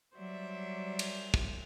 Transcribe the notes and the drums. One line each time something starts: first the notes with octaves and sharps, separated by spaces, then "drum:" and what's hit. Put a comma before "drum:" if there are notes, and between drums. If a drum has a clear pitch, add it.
F#3 G3 C5 D5 E5
drum: cymbal
drum: kick